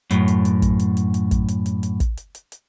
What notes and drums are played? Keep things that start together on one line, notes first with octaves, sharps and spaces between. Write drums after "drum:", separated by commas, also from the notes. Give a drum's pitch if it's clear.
F#2 A2, drum: hi-hat
drum: hi-hat
drum: hi-hat
drum: kick, hi-hat
drum: hi-hat
drum: hi-hat
drum: hi-hat
drum: kick, hi-hat
drum: hi-hat
drum: hi-hat
drum: hi-hat
drum: kick, hi-hat
drum: hi-hat
drum: hi-hat
drum: hi-hat